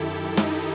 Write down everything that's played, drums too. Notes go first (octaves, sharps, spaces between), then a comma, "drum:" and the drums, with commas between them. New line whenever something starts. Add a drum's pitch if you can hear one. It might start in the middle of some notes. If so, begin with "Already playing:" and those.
Already playing: F#2 D#3 E4 G4 A4
D#4, drum: snare